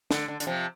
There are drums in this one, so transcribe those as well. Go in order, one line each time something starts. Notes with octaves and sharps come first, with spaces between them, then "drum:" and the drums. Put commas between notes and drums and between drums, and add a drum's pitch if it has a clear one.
D3, drum: snare
D3
D3, drum: hi-hat
C3 F3